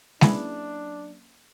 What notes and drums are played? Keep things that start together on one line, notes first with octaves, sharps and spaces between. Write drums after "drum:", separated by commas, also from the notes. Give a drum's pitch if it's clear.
F#3 A#3 C#4 D4 E4 G#4 B4, drum: snare G#3